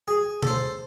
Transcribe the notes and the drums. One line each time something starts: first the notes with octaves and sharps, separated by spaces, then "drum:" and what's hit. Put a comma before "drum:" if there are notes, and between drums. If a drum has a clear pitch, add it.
G#4
A4 C5, drum: tom B2